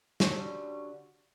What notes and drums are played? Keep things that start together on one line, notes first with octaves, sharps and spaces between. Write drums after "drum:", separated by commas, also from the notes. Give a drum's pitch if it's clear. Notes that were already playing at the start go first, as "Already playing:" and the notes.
D3 F#3 G3 C#4, drum: snare